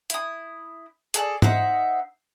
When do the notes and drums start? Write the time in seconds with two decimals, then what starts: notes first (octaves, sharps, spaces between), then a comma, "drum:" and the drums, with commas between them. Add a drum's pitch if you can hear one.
0.10 E4 D#6, drum: hi-hat
1.14 G#4 A4 C#5 D5, drum: hi-hat
1.42 D#4 C5 E5 F#5, drum: tom G#2